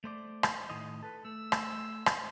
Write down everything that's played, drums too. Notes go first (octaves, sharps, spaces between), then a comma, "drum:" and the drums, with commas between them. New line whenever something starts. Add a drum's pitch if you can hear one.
A3 C5 D5
drum: rim click
A2 D#3 D#5
A4 B4
A3 E6
drum: rim click
drum: rim click